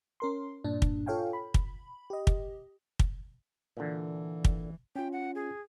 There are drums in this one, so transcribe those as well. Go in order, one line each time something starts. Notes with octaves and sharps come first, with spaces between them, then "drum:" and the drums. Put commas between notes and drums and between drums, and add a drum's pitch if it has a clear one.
C#4 A#4 C6
G2 A#2 D4
drum: kick
F4 A4 C#5 F5 G5 G#5
B5
drum: kick
G4 D#5
drum: kick
drum: kick
A#2 D3 E3
drum: kick
C#4 F4 G5
F#5
G#4